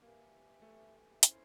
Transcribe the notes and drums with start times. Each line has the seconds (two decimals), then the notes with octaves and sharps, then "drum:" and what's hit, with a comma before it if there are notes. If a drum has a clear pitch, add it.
0.02 A#3 G4 B4 E5 G#5
0.62 A3
1.23 C#4 E4 A4 C5, drum: hi-hat